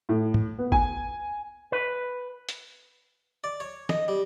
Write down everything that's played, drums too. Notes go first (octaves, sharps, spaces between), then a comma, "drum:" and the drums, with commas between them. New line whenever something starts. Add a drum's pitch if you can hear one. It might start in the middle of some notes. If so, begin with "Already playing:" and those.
A2
drum: tom
B3
G#5, drum: kick G#1
B4
drum: hi-hat
D5
C#5
D#5, drum: snare
G3